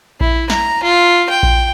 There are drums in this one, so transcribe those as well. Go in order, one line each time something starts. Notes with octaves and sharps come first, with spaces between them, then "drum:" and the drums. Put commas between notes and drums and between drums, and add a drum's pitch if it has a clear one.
E4, drum: kick A#1
A#5, drum: snare
F4
G5
drum: kick A#1